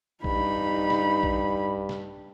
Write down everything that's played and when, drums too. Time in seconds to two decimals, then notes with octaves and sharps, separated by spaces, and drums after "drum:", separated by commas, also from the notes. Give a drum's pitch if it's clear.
0.24 G2 D#4 B5, drum: kick A#1
0.90 drum: snare
1.23 drum: kick A#1
1.89 drum: snare